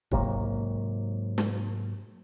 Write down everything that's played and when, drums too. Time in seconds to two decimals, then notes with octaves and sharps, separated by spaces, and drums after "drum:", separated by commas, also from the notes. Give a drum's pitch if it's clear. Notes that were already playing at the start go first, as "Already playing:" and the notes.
0.12 G#2 C3 F#3 A#3, drum: kick
1.38 drum: snare